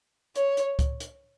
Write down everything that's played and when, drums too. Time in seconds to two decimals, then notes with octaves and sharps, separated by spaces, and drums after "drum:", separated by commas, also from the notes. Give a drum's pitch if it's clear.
0.36 C#5, drum: hi-hat
0.57 drum: hi-hat
0.79 drum: kick C#2, hi-hat
1.00 drum: hi-hat